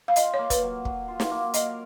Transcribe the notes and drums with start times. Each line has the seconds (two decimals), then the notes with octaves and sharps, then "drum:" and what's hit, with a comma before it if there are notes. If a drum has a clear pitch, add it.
0.08 F5
0.16 F4 D#5, drum: hi-hat
0.34 C#5
0.39 A#3
0.50 B4, drum: kick, hi-hat
0.62 F#3
0.85 F#3, drum: kick
1.08 F4
1.20 drum: snare
1.31 A#3
1.54 A#4 D#5, drum: hi-hat